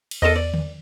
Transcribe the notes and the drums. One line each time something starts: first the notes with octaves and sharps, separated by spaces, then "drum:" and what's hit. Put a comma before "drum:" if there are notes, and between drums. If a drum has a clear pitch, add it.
drum: cymbal
E2 A4 A#4 D#5 D#7
D5
drum: tom D3